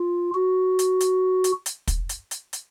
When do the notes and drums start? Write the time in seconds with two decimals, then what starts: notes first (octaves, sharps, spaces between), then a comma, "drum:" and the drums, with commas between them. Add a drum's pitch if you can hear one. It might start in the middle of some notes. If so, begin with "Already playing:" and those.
Already playing: F4
0.35 F#4
0.79 drum: hi-hat
1.00 drum: hi-hat
1.44 drum: hi-hat
1.66 drum: hi-hat
1.87 drum: kick, hi-hat
2.09 drum: hi-hat
2.31 drum: hi-hat
2.53 drum: hi-hat